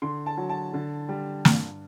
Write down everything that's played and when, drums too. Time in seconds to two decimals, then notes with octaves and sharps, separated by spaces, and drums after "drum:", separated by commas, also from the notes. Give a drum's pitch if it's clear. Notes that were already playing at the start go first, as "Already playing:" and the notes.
0.02 D3 C6
0.26 A5
0.37 F#3
0.49 A5
0.74 D3
1.09 G3
1.45 G2, drum: snare